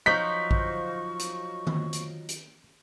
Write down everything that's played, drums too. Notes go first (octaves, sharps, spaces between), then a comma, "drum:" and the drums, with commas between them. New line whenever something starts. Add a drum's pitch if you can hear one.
F3 F#3 D#4 C#6 B6
drum: kick A#1
drum: hi-hat
drum: tom D#3
drum: hi-hat
drum: hi-hat